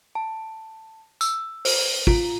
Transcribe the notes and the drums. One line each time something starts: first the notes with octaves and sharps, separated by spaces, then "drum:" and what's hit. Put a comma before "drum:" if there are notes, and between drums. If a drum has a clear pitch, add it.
A5
E6, drum: tambourine
C5, drum: open hi-hat
F4, drum: kick